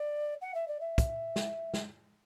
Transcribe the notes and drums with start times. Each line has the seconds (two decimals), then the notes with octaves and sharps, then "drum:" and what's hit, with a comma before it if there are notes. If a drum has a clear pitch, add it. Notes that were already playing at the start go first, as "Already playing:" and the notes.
Already playing: D5
0.41 F#5
0.55 E5
0.68 D5
0.80 E5
0.98 drum: kick, hi-hat
1.36 drum: snare
1.74 drum: snare